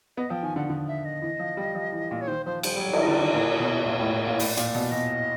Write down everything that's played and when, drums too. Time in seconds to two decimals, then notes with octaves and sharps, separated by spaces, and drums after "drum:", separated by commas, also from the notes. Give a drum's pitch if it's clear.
0.17 B3 D#5
0.30 F3 G5
0.43 D#3 G#5
0.56 D3 F#5
0.70 D3
0.88 E5
1.05 D#5
1.22 E3
1.39 F3
1.57 G3
1.75 F3
1.92 E3
2.11 A#2
2.21 C#5
2.28 D#3 C5
2.46 F3 C5
2.63 G3 C5, drum: cymbal
2.77 G3
2.80 F#3 C#5
2.93 D#3, drum: cymbal
3.02 D#5
3.07 D3 D5
3.21 D#3
3.34 A#2 C#5
3.60 B2
3.86 A#2 C#5
3.99 A2
4.26 A#2
4.39 A2 D5, drum: open hi-hat
4.57 A#2, drum: hi-hat
4.75 B2
4.91 B2 D#5